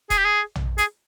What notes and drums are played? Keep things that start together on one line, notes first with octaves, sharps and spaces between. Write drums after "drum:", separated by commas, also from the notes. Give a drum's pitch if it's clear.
G#4, drum: kick D#1, hi-hat
G4
G#4
drum: tom
G#4, drum: hi-hat